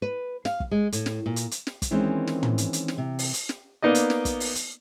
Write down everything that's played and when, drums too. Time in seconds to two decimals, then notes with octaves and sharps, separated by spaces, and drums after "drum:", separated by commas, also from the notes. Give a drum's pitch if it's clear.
0.02 B4
0.45 F5, drum: snare
0.60 drum: kick
0.71 G#3
0.92 A2, drum: hi-hat
1.06 drum: snare
1.26 A#2
1.36 drum: hi-hat
1.51 drum: hi-hat
1.67 drum: snare
1.82 drum: kick, hi-hat
1.91 D#3 E3 G#3 A#3 C4 C#4
2.27 drum: snare
2.43 drum: tom
2.58 drum: hi-hat
2.73 drum: hi-hat
2.88 drum: snare
2.98 C3
3.19 drum: open hi-hat
3.34 drum: hi-hat
3.49 drum: snare
3.83 A#3 B3 D#4 D5 D#5
3.95 drum: hi-hat
4.10 drum: snare
4.25 drum: kick, hi-hat
4.40 drum: open hi-hat
4.55 drum: hi-hat